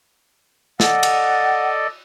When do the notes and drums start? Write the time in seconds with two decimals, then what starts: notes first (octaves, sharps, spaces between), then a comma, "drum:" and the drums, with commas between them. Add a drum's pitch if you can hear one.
0.80 A4 D5 D#5 F#5, drum: snare
1.03 drum: cymbal